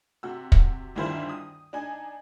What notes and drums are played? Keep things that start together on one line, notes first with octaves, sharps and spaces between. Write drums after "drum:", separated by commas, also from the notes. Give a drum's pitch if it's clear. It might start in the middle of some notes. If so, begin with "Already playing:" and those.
C3 F#4 E6
drum: kick
D2 G2 D#3 E4 F4 C5
D#6
D4 D#4 G#5